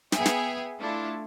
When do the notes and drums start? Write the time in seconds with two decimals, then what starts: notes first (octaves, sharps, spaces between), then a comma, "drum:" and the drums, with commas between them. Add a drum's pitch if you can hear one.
0.12 B3 G#4 E5 G5 G#5, drum: snare
0.26 drum: snare
0.80 A3 D4 E4 F4 A4